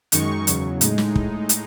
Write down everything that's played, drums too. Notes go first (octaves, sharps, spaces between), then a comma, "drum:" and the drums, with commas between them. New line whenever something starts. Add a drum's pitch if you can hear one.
F#2 D#3 G#3 D#4 C#6, drum: hi-hat
E2 C#3 F#3, drum: hi-hat
A2 G#3 D#4, drum: hi-hat
drum: snare
A2 G#3 D#4, drum: kick
drum: hi-hat